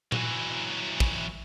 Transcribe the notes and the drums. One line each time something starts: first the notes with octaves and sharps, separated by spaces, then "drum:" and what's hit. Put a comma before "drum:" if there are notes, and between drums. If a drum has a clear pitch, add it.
E3 F#3, drum: tom A#2
drum: kick